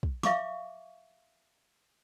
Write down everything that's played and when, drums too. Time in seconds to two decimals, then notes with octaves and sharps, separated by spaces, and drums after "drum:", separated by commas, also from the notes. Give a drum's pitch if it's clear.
0.03 drum: kick
0.23 E5 F5 C#6 D6, drum: snare